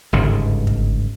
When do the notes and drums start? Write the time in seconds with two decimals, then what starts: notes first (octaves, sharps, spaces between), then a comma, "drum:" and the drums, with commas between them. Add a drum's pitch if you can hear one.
0.13 G1 C#2 G#2 D3
0.67 drum: kick